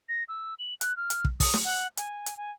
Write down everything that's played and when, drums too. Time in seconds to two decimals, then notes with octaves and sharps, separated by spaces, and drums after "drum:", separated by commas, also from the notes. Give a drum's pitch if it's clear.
0.09 A#6
0.29 E6
0.59 F#7
0.81 F#6, drum: hi-hat
0.97 F6
1.10 drum: hi-hat
1.25 drum: kick
1.40 D#6, drum: kick, open hi-hat
1.54 drum: snare
1.64 F#5
1.97 G#5, drum: hi-hat
2.26 drum: hi-hat
2.37 G#5